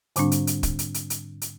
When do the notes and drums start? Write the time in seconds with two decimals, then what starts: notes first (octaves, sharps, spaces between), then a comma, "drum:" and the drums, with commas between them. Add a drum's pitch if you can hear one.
0.16 G#2 D3 G3 C4 D4, drum: hi-hat
0.32 drum: hi-hat
0.47 drum: hi-hat
0.63 drum: kick, hi-hat
0.79 drum: hi-hat
0.94 drum: hi-hat
1.10 drum: hi-hat
1.42 drum: hi-hat